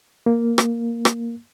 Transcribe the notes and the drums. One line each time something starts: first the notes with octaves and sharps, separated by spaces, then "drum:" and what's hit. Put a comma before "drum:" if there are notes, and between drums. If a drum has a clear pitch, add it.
A#3
drum: rim click
drum: rim click